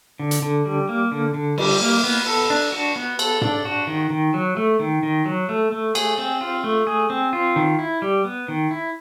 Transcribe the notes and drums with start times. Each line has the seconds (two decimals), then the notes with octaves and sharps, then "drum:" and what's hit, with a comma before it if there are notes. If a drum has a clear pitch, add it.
0.19 D3
0.31 drum: hi-hat
0.42 D3
0.66 G3
0.89 A#3
1.12 D3
1.34 D3
1.58 G3, drum: cymbal
1.81 A#3
2.04 B3
2.27 A4
2.50 D4
2.72 F#4
2.96 B3
3.19 A4, drum: cymbal
3.41 D4, drum: tom G#2
3.65 F#4
3.87 D#3
4.10 D#3
4.34 F#3
4.57 A3
4.80 D#3
5.03 D#3
5.26 F#3
5.49 A3
5.72 A3
5.95 G#4, drum: cymbal
6.18 C4
6.41 F4
6.64 A3
6.87 G#4
7.10 C4
7.33 F4
7.56 D#3
7.79 E4
8.02 G3
8.25 B3
8.48 D#3
8.71 E4